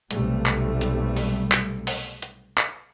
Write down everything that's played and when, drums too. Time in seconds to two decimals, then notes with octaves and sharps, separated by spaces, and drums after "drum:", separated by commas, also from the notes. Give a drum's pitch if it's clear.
0.11 B1 C3 G3 A3, drum: hi-hat
0.46 drum: clap
0.81 drum: hi-hat
1.17 drum: open hi-hat
1.52 drum: clap
1.87 drum: open hi-hat
2.22 drum: hi-hat
2.58 drum: clap